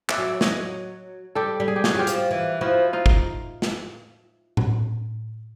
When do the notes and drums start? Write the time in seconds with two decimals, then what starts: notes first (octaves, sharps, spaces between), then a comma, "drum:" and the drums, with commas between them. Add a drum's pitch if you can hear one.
0.09 D5 E5, drum: clap
0.18 F#3
0.41 C#5 D#5, drum: snare
1.35 G3 G4 A4
1.60 G3
1.68 G#4
1.76 G4
1.84 F#4 G#4, drum: snare
1.95 F#3 F4 G4
2.07 F3, drum: hi-hat
2.31 E3
2.61 F3 E4 F#4
2.93 D#4 F4
3.06 drum: kick
3.62 drum: snare
4.57 drum: tom A2